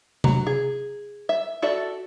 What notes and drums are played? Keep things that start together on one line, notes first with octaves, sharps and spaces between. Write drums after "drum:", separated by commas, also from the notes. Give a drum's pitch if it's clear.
F#3, drum: tom C3
G#4
E5
F#4 A4 D5 E5